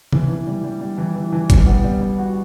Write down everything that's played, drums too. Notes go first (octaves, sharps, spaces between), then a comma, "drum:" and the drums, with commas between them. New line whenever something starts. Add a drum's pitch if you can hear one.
E3, drum: tom C3
E3
G3
G3
G3
E3
E3
E3
G3, drum: kick G1, hi-hat
B3
G3
G3
F#4